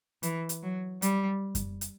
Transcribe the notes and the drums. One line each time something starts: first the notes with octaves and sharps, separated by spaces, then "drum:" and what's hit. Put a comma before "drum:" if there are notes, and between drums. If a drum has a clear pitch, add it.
E3, drum: hi-hat
drum: hi-hat
F#3
G3, drum: hi-hat
drum: kick F#2, hi-hat
drum: hi-hat